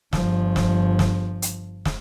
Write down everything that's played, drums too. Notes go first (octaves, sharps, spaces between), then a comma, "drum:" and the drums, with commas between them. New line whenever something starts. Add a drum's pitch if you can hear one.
G1 F3, drum: snare
drum: snare
drum: snare
drum: hi-hat
drum: snare